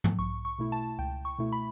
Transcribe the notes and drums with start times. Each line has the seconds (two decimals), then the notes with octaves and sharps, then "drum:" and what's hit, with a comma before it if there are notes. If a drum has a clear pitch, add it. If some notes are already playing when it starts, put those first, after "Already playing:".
0.04 drum: tom
0.18 B1 C#6
0.45 C#6
0.58 B2 A3 E4
0.72 A5
0.99 C#2 G5
1.25 C#6
1.39 B2 A3 E4
1.52 B5